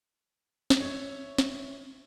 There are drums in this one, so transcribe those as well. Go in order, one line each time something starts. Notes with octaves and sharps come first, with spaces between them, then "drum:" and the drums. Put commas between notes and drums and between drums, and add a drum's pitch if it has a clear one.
drum: snare
C#5 E5
drum: snare